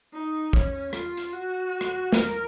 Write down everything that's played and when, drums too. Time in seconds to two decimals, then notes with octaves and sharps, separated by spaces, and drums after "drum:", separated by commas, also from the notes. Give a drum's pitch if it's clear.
0.13 D#4
0.53 C#4, drum: kick
0.93 F4, drum: rim click
1.17 drum: hi-hat
1.33 F#4
1.81 drum: rim click
2.12 A#4, drum: snare